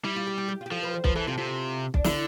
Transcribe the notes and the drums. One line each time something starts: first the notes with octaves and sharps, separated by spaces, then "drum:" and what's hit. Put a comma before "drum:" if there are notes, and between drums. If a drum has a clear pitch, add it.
G3 E4
F4
G4
G4
G4
F4
G4
F3 A4
B4
C5
F3 B4, drum: kick B1
E3 A4
C3 F4
C3 F4
D4, drum: kick B1
D3 E4, drum: snare